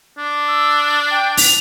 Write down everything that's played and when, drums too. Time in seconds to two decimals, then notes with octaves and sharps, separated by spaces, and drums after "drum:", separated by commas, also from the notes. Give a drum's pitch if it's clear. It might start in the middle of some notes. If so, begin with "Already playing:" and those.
0.18 D4
0.48 E6
1.11 G5
1.37 F7, drum: open hi-hat